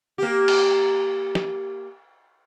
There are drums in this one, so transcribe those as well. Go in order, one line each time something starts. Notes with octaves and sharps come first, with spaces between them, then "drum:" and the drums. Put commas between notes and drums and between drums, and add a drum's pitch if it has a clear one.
A#3 G4
drum: cymbal
drum: snare